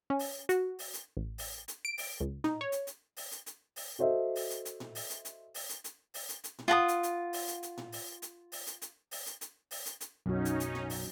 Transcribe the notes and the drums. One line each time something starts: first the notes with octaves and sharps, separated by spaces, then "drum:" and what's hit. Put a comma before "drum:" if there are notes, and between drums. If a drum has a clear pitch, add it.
C#4
drum: open hi-hat
F#4, drum: hi-hat
drum: open hi-hat
drum: hi-hat
A1
drum: open hi-hat
drum: hi-hat
D7
drum: open hi-hat
C#2
D#4, drum: tom A2
C#5
drum: hi-hat
drum: hi-hat
drum: open hi-hat
drum: hi-hat
drum: hi-hat
drum: open hi-hat
F#4 A4 C5 D#5 E5
drum: open hi-hat
drum: hi-hat
drum: hi-hat
drum: tom A2
drum: open hi-hat
drum: hi-hat
drum: hi-hat
drum: open hi-hat
drum: hi-hat
drum: hi-hat
drum: open hi-hat
drum: hi-hat
drum: hi-hat
drum: tom A2
F4 F#5 A5 D#6
drum: hi-hat
drum: hi-hat
drum: open hi-hat
drum: hi-hat
drum: hi-hat
drum: tom A2
drum: open hi-hat
drum: hi-hat
drum: open hi-hat
drum: hi-hat
drum: hi-hat
drum: open hi-hat
drum: hi-hat
drum: hi-hat
drum: open hi-hat
drum: hi-hat
drum: hi-hat
B1 F#2 F#3 C#4 D#4 F#4
drum: hi-hat
drum: hi-hat
drum: tom A2
drum: open hi-hat